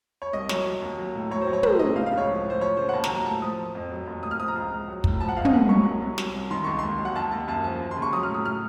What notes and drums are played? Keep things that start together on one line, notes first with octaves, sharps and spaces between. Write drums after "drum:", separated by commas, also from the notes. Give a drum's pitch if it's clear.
C#5
C2 D#5
F#3 C#5, drum: snare
F#3
D#2
F#3
A2
F#3 C#5
C5
F#3
C#5
A2 C5, drum: tom
A2 D#5
C#3 F5
F5
C#2
C#5
F3
A2
C5
F3 C#5
C#3 C5
F#5
D#2 A5
A#5, drum: snare
F#3
A#5
A2 A5
F3 D#6
F3
F2
F#3
D#2
A2 D#6
F6
F3 D#6
A#5
C#2
C#2
F#3
A2, drum: kick
F3 A5
F#5
C#2 F5
D#5, drum: tom
C2 F#5
F#3 C#6
C2
C2
F#3, drum: snare
C2
D#3 C6
C#2 C#6
D#2 C6
F#3
F#5
D#2 A5
D#2 A5
F#2 A5
F3 A5
D#2
C6
C#3
C#6
F#3 D#6
F6
A2
D#6
A2 F6